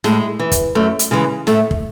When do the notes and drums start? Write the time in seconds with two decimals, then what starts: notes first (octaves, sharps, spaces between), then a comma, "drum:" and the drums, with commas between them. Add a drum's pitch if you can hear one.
0.04 A2 G#3, drum: snare
0.39 E3
0.52 drum: kick, hi-hat
0.75 F#2 A3
0.99 drum: hi-hat
1.11 C#3 E3 G#3
1.47 A2 A3, drum: snare
1.71 drum: kick